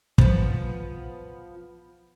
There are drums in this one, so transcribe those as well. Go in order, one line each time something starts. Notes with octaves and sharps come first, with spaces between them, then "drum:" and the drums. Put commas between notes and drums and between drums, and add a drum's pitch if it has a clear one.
F3 B3, drum: kick